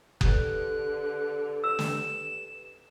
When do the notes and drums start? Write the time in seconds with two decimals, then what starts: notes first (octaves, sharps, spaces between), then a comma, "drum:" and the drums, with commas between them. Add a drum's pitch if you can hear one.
0.21 D3 G4 B4 F#6, drum: kick F#1
1.64 E6 E7
1.79 drum: snare